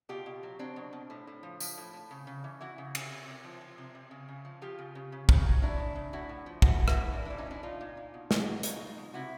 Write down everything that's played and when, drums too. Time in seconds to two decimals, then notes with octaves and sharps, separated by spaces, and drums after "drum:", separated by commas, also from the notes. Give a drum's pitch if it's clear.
0.09 B2 F4 G4
0.26 B2
0.43 F#3
0.59 F#3 C4 D4
0.76 B2
0.93 B2
1.10 A2
1.27 A2
1.43 F3
1.60 F3, drum: tambourine
1.78 A2
1.93 A2
2.11 C#3
2.27 C#3
2.44 E3
2.61 E3 E4 F#4
2.78 C#3
2.95 C#3, drum: cymbal
3.11 C3
3.28 C3
3.44 F3
3.61 F3
3.78 C3
3.95 C3
4.11 C#3
4.28 C#3
4.45 F3
4.62 F3 F4 G4
4.79 C#3
4.95 C#3
5.12 C#3
5.29 C#3, drum: kick
5.46 F#3
5.62 F#3 D4 E4
5.79 C#3
5.96 C#3
6.13 A2 E4 F#4
6.29 A2
6.46 F3
6.62 F3 E4 F#4, drum: kick
6.80 A2
6.88 E4 F#4, drum: rim click
6.97 A2
7.13 A#2 D4 E4
7.25 A#2 D4 E4
7.38 C#4 D#4
7.47 F3 D4 E4
7.63 F3 D#4 F4
7.81 A#2
7.97 A#2
8.14 B2
8.31 B2, drum: snare
8.47 F#3
8.63 F#3 D#4 F4, drum: hi-hat
8.81 B2
8.98 B2
9.14 C3 E4 F#4